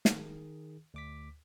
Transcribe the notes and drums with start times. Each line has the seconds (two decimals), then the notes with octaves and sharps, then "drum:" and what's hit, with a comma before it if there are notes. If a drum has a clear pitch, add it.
0.05 D#3 G#4, drum: snare
0.94 D2 D6 B6